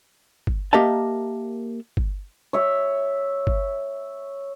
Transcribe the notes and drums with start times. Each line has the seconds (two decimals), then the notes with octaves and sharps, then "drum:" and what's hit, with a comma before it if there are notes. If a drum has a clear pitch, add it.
0.47 drum: kick G1
0.73 A#3 G4 A#4 D#5 E5 A5
1.97 drum: kick G1
2.53 C#5 E5
3.47 drum: kick G1